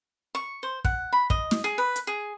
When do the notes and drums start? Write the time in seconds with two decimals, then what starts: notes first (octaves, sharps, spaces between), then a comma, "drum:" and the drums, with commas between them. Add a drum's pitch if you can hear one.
0.35 C#6
0.63 C5
0.84 F#5, drum: kick
1.13 B5
1.30 D#5, drum: kick
1.51 drum: snare
1.64 G#4
1.78 B4
1.96 drum: hi-hat
2.07 G#4